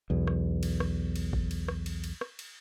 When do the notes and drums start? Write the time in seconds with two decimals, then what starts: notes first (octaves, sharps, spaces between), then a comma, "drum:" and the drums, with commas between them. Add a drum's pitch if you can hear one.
0.10 B1 E2
0.27 drum: rim click
0.63 drum: cymbal
0.80 drum: rim click
1.16 drum: cymbal
1.33 drum: kick
1.51 drum: cymbal
1.68 drum: rim click
1.86 drum: cymbal
2.04 drum: cymbal
2.21 drum: rim click
2.39 drum: cymbal